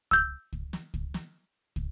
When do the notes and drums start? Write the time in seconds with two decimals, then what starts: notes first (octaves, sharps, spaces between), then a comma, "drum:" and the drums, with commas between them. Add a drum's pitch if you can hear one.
0.11 E6 G6, drum: kick
0.53 drum: kick
0.73 drum: snare
0.94 drum: kick
1.14 drum: snare
1.76 drum: kick